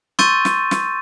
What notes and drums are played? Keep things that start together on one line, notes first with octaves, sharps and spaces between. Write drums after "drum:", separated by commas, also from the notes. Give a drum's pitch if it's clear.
C6 C#6 E6 G6 A6 D#7, drum: snare
drum: snare
drum: snare